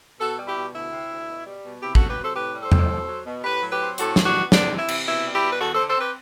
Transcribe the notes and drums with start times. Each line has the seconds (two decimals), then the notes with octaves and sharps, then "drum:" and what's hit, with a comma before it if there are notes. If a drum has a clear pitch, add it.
0.20 B2 F#4 A4
0.37 G3
0.46 E4 G4
0.56 B2
0.74 D2 E4
0.92 C3
1.10 D2
1.28 B2
1.46 G3
1.64 B2
1.81 C3 E4 G4
1.95 F#3 F#4 A4, drum: kick
2.09 G4 B4
2.17 C3
2.22 A4 C5
2.35 A2 G4 B4
2.53 G3
2.62 A4 C5
2.72 A2, drum: tom E2
2.90 B2
3.08 F#3
3.25 B2
3.44 A2 G4 B4
3.62 F#3
3.70 G4 B4
3.80 C4
3.98 A2 F#4 A4, drum: hi-hat
4.16 E3, drum: snare
4.24 D4 F#4
4.34 B3
4.52 C3 D4, drum: snare
4.70 E3
4.78 E4
4.88 C3, drum: cymbal
5.06 B2 E4
5.24 G3
5.33 E4 G4
5.42 B2
5.52 B4
5.60 E2 F#4 A4
5.74 D3 A4 C5
5.87 A4 C5
5.96 C4 G4 B4